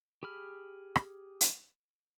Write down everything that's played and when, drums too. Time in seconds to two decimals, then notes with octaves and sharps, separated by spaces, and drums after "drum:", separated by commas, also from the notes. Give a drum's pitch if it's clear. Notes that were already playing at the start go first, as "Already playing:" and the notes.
0.23 G4 G#4 B5 F6
0.96 drum: rim click
1.41 drum: hi-hat